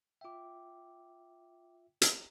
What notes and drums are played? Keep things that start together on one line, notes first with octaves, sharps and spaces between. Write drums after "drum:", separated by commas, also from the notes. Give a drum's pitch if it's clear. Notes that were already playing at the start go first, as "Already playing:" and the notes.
F4 E5 G5 D6
drum: hi-hat